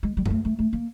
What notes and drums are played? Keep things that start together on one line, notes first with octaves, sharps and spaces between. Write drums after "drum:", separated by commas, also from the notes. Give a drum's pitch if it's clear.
G#3
G3
G#3, drum: tom F#2
A3
A3
A3
A#3